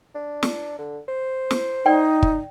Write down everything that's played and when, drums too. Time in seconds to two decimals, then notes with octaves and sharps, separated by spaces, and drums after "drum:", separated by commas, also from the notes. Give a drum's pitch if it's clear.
0.15 D4
0.43 drum: snare
0.79 D3
1.08 C5
1.51 drum: snare
1.86 D#4 D5 G5
2.23 drum: kick